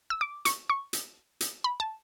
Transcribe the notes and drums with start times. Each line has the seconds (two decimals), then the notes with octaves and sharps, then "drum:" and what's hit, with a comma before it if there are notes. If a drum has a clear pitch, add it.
0.10 E6
0.21 D6
0.45 C#6, drum: hi-hat
0.70 C#6
0.93 drum: hi-hat
1.40 drum: hi-hat
1.64 B5
1.80 A5